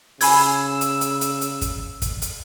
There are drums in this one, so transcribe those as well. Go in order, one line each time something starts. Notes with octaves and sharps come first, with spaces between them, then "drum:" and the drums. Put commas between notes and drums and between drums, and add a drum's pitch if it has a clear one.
C#3 G#5 B5 E6 G#6, drum: open hi-hat
drum: hi-hat
drum: hi-hat
drum: hi-hat
drum: hi-hat
drum: kick, hi-hat
drum: kick, hi-hat
drum: hi-hat